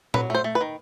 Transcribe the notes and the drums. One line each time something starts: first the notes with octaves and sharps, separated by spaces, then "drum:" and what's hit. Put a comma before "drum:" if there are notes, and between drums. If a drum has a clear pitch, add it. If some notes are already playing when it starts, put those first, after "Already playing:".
F#3 B4, drum: tom A#2
A3 C5
A3
B4
D#3